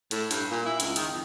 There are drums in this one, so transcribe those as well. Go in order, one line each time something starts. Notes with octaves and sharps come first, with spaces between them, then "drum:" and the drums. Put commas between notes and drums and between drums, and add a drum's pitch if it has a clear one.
A2, drum: hi-hat
G2, drum: hi-hat
A#2
E4
C#2, drum: hi-hat
D#3, drum: hi-hat
F2